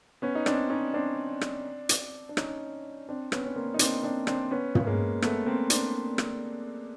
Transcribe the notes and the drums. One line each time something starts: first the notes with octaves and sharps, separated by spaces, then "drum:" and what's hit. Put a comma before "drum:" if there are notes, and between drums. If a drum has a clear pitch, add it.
B3 C#4
D#4
C4 D4, drum: rim click
C#4 D#4
C4 D4
drum: rim click
drum: hi-hat
D4
C#4 D#4, drum: rim click
C4 D4
B3 C#4, drum: rim click
C#4
A#3 C4
D#4
C4 D4, drum: hi-hat
C4 D4
C4 D4, drum: rim click
B3 C#4
drum: tom
G#3 A#3
A3 B3, drum: rim click
A#3 C4
C4 D4, drum: hi-hat
drum: rim click